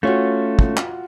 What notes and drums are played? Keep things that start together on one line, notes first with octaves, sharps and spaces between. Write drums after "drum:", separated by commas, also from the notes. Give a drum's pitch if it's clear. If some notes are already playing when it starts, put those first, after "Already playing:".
A3 C#4 F4 F#4 C#5
drum: kick
drum: clap